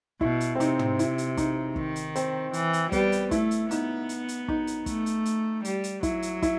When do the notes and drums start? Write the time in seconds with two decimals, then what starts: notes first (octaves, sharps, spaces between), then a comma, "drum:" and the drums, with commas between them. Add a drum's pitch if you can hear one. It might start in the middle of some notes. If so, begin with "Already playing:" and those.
0.21 B2 E4, drum: kick
0.40 drum: hi-hat
0.55 C4
0.60 C3 D#4, drum: hi-hat
0.79 drum: tom
0.99 E4, drum: hi-hat
1.18 drum: hi-hat
1.37 D#4, drum: kick, hi-hat
1.76 D#3, drum: kick
1.96 drum: hi-hat
2.16 C4, drum: hi-hat
2.53 E3, drum: hi-hat
2.73 drum: hi-hat
2.92 G3 B3, drum: kick, hi-hat
3.12 drum: hi-hat
3.31 A3 E4, drum: kick, hi-hat
3.51 drum: hi-hat
3.71 B3 D#4, drum: hi-hat
4.09 drum: hi-hat
4.28 drum: hi-hat
4.48 D#4, drum: kick
4.67 drum: hi-hat
4.86 A3, drum: kick, hi-hat
5.06 drum: hi-hat
5.25 drum: hi-hat
5.65 G3, drum: hi-hat
5.84 drum: hi-hat
6.03 F#3 E4, drum: kick, hi-hat
6.22 drum: hi-hat
6.42 E4, drum: kick, hi-hat